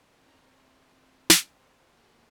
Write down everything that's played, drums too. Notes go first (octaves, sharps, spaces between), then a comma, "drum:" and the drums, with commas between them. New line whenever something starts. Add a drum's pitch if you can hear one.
C4 C#4 C#5 A#5
F4 E5
drum: snare
C4 A#4
A#3 F#4 G#4 A#4